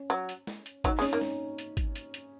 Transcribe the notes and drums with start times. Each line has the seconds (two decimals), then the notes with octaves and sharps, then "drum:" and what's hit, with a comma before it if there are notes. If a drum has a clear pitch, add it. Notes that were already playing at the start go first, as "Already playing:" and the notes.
Already playing: C#4
0.10 F#3
0.29 drum: hi-hat
0.47 drum: snare
0.66 drum: hi-hat
0.84 F#3 D#4, drum: kick G#1, hi-hat
0.99 G#3
1.01 C#4, drum: open hi-hat
1.12 A#3 D#4
1.21 drum: snare
1.58 drum: hi-hat
1.77 drum: kick G#1, hi-hat
1.95 drum: hi-hat
2.14 drum: hi-hat